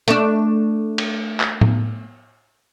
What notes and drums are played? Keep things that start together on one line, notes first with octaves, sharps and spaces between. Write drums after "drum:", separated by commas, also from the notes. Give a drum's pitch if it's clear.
A3 D4, drum: hi-hat
drum: cymbal
drum: clap
drum: tom A2